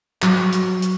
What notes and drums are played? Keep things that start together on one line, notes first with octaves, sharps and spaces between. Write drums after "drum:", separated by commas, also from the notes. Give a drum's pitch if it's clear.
F#3, drum: clap
drum: hi-hat
drum: hi-hat